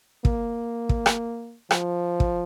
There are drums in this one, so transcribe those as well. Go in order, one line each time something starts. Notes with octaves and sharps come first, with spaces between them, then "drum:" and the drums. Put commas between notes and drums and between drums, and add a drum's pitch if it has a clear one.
A#3, drum: kick
drum: kick
drum: rim click
F3, drum: rim click
drum: kick